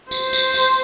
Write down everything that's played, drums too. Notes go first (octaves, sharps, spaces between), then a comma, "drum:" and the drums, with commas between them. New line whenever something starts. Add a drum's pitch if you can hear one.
C5, drum: tambourine
drum: tambourine
drum: tambourine